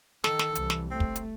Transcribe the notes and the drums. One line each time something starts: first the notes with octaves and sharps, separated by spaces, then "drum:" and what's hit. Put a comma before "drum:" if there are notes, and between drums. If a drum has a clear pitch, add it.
D#3 A4, drum: snare
drum: snare
C2 E3, drum: hi-hat
drum: snare
A3 C4
drum: kick
drum: hi-hat